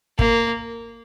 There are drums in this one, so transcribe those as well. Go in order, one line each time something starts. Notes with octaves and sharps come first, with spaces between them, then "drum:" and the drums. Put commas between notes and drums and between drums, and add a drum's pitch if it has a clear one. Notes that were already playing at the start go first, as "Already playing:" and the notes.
A#3, drum: kick